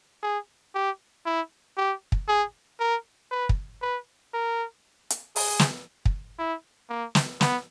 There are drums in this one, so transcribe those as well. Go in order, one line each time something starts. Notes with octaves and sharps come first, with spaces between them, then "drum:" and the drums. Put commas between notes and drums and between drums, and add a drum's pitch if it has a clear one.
G#4
G4
E4
G4
drum: kick
G#4
A#4
B4
drum: kick
B4
A#4
drum: hi-hat
G#4, drum: open hi-hat
drum: snare
drum: kick
E4
A#3
drum: snare
B3, drum: snare